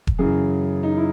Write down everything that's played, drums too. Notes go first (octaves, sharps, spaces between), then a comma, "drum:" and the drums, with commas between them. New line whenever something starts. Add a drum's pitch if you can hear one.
drum: kick E1
F#2 C#3 E3 G#4
D#4
E4